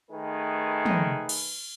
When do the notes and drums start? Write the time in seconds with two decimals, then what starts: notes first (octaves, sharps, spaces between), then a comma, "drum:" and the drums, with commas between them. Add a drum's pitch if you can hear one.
0.11 D#3 A3 G#4 B4
0.86 drum: tom
1.29 drum: cymbal